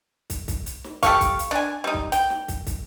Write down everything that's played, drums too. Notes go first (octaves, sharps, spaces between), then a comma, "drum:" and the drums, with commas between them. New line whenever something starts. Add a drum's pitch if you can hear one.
drum: kick, hi-hat
drum: kick, hi-hat
drum: hi-hat
drum: snare
G4 A4 F5 C#6 F6, drum: kick, hi-hat
drum: kick, hi-hat
drum: hi-hat
D4 G#5
G3 D#4
drum: kick
G5, drum: hi-hat
drum: snare
drum: kick, hi-hat
drum: kick, hi-hat